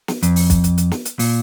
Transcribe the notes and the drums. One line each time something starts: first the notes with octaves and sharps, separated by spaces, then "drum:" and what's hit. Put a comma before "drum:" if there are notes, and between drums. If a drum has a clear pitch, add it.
drum: snare
F2, drum: hi-hat
drum: open hi-hat
drum: kick, hi-hat
drum: hi-hat
drum: hi-hat
drum: snare
drum: hi-hat
A#2, drum: open hi-hat